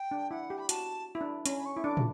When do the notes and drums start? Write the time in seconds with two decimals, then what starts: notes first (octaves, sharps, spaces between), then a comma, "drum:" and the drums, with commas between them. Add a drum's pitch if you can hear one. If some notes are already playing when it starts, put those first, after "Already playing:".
Already playing: G5
0.11 D4
0.30 E4 F#5
0.50 G4
0.58 B5
0.69 F#4 A5, drum: hi-hat
1.15 E4
1.21 D4
1.46 C#4 B5, drum: hi-hat
1.59 B5
1.65 C#6
1.77 E4
1.84 D4 D6
1.97 drum: tom